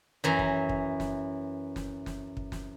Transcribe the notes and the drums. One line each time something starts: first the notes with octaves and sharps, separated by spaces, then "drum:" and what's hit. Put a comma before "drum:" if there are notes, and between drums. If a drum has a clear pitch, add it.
F#2 E3 A#5
drum: kick
drum: kick
drum: snare
drum: snare
drum: snare
drum: kick
drum: snare